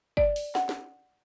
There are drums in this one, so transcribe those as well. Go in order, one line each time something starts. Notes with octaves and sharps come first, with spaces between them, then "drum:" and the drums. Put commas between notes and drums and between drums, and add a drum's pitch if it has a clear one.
D5, drum: kick
drum: open hi-hat
F#5, drum: snare
drum: snare